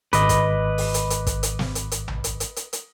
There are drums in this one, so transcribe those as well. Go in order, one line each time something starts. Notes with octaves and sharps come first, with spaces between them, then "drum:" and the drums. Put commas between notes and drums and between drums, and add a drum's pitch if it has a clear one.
G#1 B4 D#5 B5 D6, drum: hi-hat
drum: kick, hi-hat
drum: open hi-hat
drum: hi-hat
drum: hi-hat
drum: kick, hi-hat
drum: hi-hat
drum: snare
drum: hi-hat
drum: hi-hat
drum: tom A#1
drum: hi-hat
drum: hi-hat
drum: hi-hat
drum: hi-hat